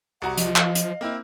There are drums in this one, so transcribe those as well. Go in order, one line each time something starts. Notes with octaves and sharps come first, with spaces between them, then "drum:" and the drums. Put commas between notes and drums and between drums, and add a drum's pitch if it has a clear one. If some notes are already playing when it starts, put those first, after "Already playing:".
C2 F#4 F#5 A#5
F3 D#5, drum: hi-hat
F5, drum: clap
drum: hi-hat
A#3 C4 E4